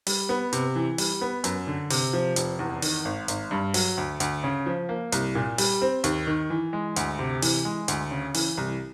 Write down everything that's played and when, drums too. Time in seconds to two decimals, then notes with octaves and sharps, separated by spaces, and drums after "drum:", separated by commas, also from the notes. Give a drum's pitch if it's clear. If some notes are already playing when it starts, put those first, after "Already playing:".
0.07 G3, drum: open hi-hat
0.29 B3
0.53 C3, drum: hi-hat
0.76 E3
0.98 G3, drum: open hi-hat
1.21 B3
1.44 F#2, drum: hi-hat
1.67 D3
1.90 C3, drum: open hi-hat
2.13 F3
2.36 F1, drum: hi-hat
2.59 E2
2.82 D#3, drum: open hi-hat
3.05 G#1
3.28 G#1, drum: hi-hat
3.51 G2
3.74 F#3, drum: open hi-hat
3.97 D2
4.20 D2, drum: hi-hat
4.44 C#3
4.66 F3
4.89 A#3
5.12 C2, drum: hi-hat
5.35 A#2
5.58 G3, drum: open hi-hat
5.82 C4
6.04 D#2, drum: hi-hat
6.27 D#3
6.50 E3
6.73 G#3
6.96 D2, drum: hi-hat
7.19 C3
7.42 E3, drum: open hi-hat
7.65 G#3
7.88 D2, drum: hi-hat
8.11 C#3
8.34 E3, drum: open hi-hat
8.58 C2